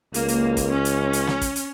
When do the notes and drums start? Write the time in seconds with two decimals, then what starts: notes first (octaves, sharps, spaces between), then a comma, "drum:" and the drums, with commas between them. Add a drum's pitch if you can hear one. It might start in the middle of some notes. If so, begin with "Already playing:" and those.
0.14 C#2 A#3, drum: hi-hat
0.28 drum: hi-hat
0.57 drum: kick, hi-hat
0.74 C#4
0.85 drum: hi-hat
1.13 drum: hi-hat
1.27 drum: snare
1.41 drum: kick, hi-hat
1.56 drum: hi-hat